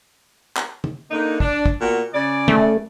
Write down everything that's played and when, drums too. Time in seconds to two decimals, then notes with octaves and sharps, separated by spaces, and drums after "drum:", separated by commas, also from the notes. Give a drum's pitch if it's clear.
0.57 drum: clap
0.84 drum: tom
1.11 D3 A#3 D#4
1.40 D4, drum: kick
1.66 drum: kick
1.81 A#2 B3 F#4
2.14 C#3 D5
2.48 A3, drum: tom